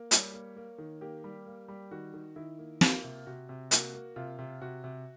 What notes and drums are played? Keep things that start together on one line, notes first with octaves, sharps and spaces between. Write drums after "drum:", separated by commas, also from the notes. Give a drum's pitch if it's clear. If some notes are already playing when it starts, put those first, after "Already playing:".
Already playing: A#3
G3 C#5, drum: hi-hat
A#3
A#3
D#3
A#3 G4
G3
A#3
G3
D#3 F#4
D#3
D#3 E4
A#3
A#3 F4, drum: snare
C3
C3 F#4
C3
A#3 F#4, drum: hi-hat
A#3
C3 F4
C3
C3 F#4
C3